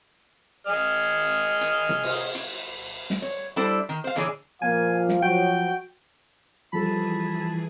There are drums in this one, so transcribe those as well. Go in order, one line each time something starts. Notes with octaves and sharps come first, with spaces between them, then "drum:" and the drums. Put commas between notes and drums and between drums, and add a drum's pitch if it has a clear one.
G#4 D#5 F6
drum: hi-hat
drum: tom C3
drum: cymbal
drum: hi-hat
drum: snare
C#5
G3 D4 E4 A4 C5
D#3
C5 F5
A#2 D3 E3 G#4 C#5 D5
A#2 F3 A#3 F5 G#5
drum: snare
F3 F#3 F#4 G5
E3 F3 G3 G#4 A4 A5 B5